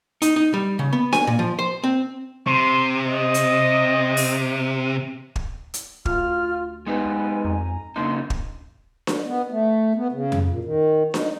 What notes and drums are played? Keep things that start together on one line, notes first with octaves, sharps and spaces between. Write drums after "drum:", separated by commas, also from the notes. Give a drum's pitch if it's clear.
D#4, drum: hi-hat
D#4
G3
C#3
B3
G#5, drum: snare D4
A#2
F3
C5
C4
C3 C6
D#5
drum: hi-hat
drum: open hi-hat
drum: kick
drum: hi-hat
D2 F4 F6, drum: kick
G#3 B3 D#4 G4 G#5
F2 A#5
C#3 A#3 D4 D#4 C6
drum: kick
drum: snare D4
B3
A3
B3
C#3
drum: tom F2
A#2
D#3
D#4, drum: snare D4